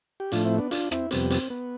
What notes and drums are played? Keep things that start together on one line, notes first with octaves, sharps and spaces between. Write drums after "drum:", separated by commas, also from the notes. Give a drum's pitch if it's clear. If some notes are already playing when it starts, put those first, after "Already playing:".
G4
A2 F3 A3 D4 F4, drum: hi-hat
C4 E4
B3 D4
D4 F4, drum: hi-hat
C4 E4, drum: rim click
F2 C3 G3 B3 C4, drum: hi-hat
C4, drum: hi-hat
B3